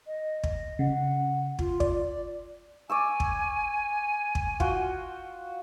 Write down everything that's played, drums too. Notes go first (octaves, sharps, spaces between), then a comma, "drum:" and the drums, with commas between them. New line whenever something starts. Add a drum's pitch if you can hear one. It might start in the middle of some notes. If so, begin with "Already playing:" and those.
D#5
drum: kick
C#3 F#5
F4, drum: kick
D5, drum: kick
D5 G#5 C#6 E6
drum: kick
drum: kick
F4 F#4 G5, drum: kick